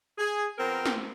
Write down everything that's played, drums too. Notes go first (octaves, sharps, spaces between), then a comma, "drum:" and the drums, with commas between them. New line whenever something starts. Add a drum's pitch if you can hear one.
G#4
F3 B3 C4 A#4
drum: snare